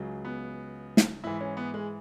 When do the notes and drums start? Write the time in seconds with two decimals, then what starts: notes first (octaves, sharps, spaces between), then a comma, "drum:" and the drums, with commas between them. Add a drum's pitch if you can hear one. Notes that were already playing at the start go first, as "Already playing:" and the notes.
Already playing: C#2 C#3 F#3
0.25 B3
0.97 drum: snare
1.24 G#2 E3 E4
1.41 C#4
1.57 B3
1.74 G#3